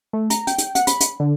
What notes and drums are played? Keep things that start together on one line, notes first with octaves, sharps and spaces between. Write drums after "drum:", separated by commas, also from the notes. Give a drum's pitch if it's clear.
A3
A#5, drum: hi-hat
G5, drum: hi-hat
drum: hi-hat
F#5, drum: hi-hat
B5, drum: hi-hat
drum: hi-hat
D3